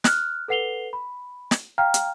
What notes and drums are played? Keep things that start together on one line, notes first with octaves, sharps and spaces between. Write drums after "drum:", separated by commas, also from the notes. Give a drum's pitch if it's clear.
F6 F#6, drum: snare
A4 B4 F#5 C7 F7 G7
B5
drum: snare
F5 G5 A#5 F6
drum: hi-hat